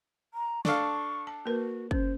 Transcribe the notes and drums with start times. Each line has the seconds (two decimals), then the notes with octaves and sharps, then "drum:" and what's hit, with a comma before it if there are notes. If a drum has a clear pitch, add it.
0.34 A#5
0.65 D4 A4 F5 C#6, drum: snare
1.27 A5
1.46 A#3 F#4 A#4 B4
1.91 C#4 C5, drum: kick